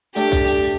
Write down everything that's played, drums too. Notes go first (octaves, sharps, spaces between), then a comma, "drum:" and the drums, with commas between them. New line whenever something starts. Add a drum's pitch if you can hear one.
A3 D4 G4, drum: tambourine
drum: kick, tambourine
drum: tambourine
drum: tambourine